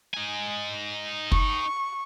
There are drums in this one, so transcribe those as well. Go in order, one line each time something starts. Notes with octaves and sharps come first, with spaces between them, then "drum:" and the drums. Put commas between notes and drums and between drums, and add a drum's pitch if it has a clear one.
D#4 G#5
C#6, drum: kick